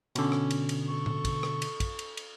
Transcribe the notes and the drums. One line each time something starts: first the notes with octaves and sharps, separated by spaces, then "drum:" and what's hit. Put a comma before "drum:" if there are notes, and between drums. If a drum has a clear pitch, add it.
B2 D3 C#4, drum: cymbal
drum: rim click
drum: cymbal
drum: cymbal
A4 C#6
drum: tom A2
drum: kick, cymbal
drum: rim click
drum: cymbal
drum: kick, cymbal
drum: cymbal
drum: cymbal